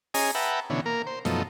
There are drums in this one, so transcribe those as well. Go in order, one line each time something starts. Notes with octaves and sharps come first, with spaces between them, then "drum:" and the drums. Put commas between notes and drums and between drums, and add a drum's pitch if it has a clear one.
C#4 G#4 D#5 G#5 A#5, drum: open hi-hat
B4 E5 F#5 G5 A5 A#5
B2 D3 E3 C#4
A#3 A#4
C5
F#2 B2 F3 A3 D#4, drum: snare